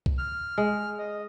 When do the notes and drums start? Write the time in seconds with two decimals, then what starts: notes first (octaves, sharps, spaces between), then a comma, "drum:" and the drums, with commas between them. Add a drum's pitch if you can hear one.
0.06 drum: kick B1
0.18 F6
0.58 G#3
0.99 D#5